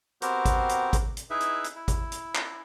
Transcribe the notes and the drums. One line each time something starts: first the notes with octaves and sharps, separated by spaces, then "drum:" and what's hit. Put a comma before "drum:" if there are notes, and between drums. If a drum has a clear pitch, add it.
B3 C4 F#4 G4 A#4 C5, drum: hi-hat
drum: kick, hi-hat
drum: hi-hat
drum: kick, hi-hat
drum: hi-hat
D#4 E4 G#4 B4 E5
drum: hi-hat
drum: hi-hat
E4
drum: kick, hi-hat
drum: hi-hat
drum: clap